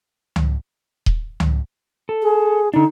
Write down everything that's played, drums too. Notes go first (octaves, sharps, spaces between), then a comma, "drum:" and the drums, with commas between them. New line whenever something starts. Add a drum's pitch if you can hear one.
drum: tom C#2
drum: kick D#1
drum: tom C#2
A4
G#4
D3 D4 D#4